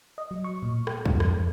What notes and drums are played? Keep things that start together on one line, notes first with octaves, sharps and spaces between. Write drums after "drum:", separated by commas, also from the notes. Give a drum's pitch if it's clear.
D#5
F#3
C#6
A#2
G5, drum: rim click
G#2, drum: kick
F2, drum: rim click